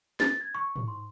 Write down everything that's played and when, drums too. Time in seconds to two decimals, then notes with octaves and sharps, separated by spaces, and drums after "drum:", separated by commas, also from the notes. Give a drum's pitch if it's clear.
0.20 A6, drum: snare
0.41 G#6
0.55 C#6
0.76 drum: tom G#2
0.88 C6